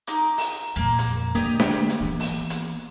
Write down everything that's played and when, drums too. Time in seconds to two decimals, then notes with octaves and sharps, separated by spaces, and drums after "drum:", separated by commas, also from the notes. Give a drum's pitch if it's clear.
0.07 D#4 D6, drum: hi-hat
0.38 drum: open hi-hat
0.76 F2 A#2 A#3
0.98 drum: hi-hat
1.35 D3 A#3 G4 C#5 D#5
1.60 G4, drum: snare D4
1.89 drum: hi-hat
2.01 E3 B3
2.20 drum: open hi-hat
2.50 drum: hi-hat